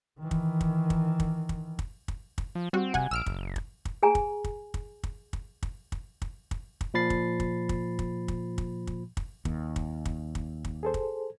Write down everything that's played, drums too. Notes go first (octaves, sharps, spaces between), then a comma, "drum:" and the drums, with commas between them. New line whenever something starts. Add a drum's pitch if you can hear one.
D#3 E3
drum: kick
drum: kick
drum: kick
drum: kick
drum: kick
drum: kick
drum: kick
drum: kick
F3
G3 C4 F#4
C3 F#5 G#5, drum: kick
A#1 E6 F6 D7
F#1, drum: kick
drum: kick
drum: kick
G#4 G#5 A#5
drum: kick
drum: kick
drum: kick
drum: kick
drum: kick
drum: kick
drum: kick
drum: kick
drum: kick
drum: kick
A#2 F3 B5 A6 C7
drum: kick
drum: kick
drum: kick
drum: kick
drum: kick
drum: kick
drum: kick
drum: kick
D#2, drum: kick
drum: kick
drum: kick
drum: kick
drum: kick
G#4 A4 C5
drum: kick